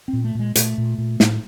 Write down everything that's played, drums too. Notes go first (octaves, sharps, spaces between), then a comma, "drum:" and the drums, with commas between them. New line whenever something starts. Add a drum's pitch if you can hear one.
C4
A#2
A3
A#2 G#3
A#2 A3, drum: hi-hat
A#2
A#2
A2, drum: snare